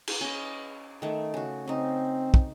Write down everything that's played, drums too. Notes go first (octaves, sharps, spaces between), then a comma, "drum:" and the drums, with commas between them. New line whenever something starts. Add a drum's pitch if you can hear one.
drum: cymbal
C#4 D#5
D#3 A3
C#3 F#4
C#3 C4 D#4
drum: kick